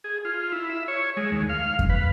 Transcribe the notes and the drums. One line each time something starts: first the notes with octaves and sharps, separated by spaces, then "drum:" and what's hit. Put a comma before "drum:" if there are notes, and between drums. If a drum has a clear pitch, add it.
G#4
F4
E4
E5
C#5
G#3
D#2
F5
drum: kick F2
B4